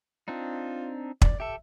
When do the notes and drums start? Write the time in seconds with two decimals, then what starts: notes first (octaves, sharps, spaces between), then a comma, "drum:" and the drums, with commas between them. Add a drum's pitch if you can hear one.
0.28 C4 D4 D#4 F4
1.22 D5, drum: kick
1.40 G4 A4 E5